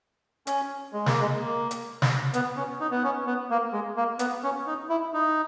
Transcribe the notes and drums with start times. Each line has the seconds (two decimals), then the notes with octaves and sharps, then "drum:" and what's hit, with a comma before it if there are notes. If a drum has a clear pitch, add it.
0.47 C#4, drum: hi-hat
0.93 G#3
1.06 A#3, drum: snare
1.21 G#3
1.40 A#3
1.71 drum: hi-hat
2.02 drum: snare
2.34 B3, drum: hi-hat
2.56 C#4
2.80 D#4
2.91 B3
3.04 C#4
3.27 B3
3.50 A#3
3.73 G#3
3.97 A#3
4.19 B3, drum: hi-hat
4.43 C#4
4.67 D#4
4.89 E4
5.14 D#4